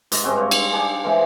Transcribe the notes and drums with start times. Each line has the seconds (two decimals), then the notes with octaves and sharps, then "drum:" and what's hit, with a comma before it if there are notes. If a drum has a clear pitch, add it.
0.12 G#2 D#5, drum: hi-hat
0.24 G2 G#3 C4 F#4
0.37 C#5 F5
0.51 drum: cymbal
0.72 D4 G4 G#4
1.04 E3 G#3 C5